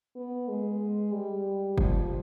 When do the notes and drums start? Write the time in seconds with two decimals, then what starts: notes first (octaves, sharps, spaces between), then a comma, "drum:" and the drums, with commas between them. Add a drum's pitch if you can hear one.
0.16 B3
0.49 G#3
1.13 G3
1.78 F3, drum: kick F#1